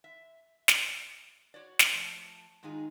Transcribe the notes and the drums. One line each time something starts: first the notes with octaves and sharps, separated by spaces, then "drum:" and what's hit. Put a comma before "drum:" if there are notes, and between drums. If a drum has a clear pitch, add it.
E5
drum: snare
F#4 C#5 D5
drum: snare
F3 A3
G#2 D#3 G#3 D#4 F4 G#4